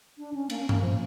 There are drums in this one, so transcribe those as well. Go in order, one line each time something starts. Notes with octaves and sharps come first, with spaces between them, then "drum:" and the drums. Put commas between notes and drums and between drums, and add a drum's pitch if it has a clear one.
D4
C#4
A#3, drum: cymbal
C#4
A#3, drum: tom G2
F3